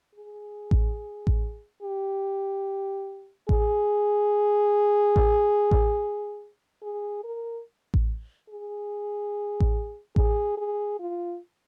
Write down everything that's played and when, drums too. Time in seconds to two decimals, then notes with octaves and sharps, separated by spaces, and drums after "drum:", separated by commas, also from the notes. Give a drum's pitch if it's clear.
0.15 G#4
0.71 drum: kick A1
1.27 drum: kick A1
1.83 G4
3.49 G#4, drum: kick A1
5.16 drum: kick A1
5.71 drum: kick A1
6.82 G#4
7.24 A#4
7.94 drum: kick A1
8.50 G#4
9.60 drum: kick A1
10.16 G#4, drum: kick A1
10.58 G#4
11.00 F4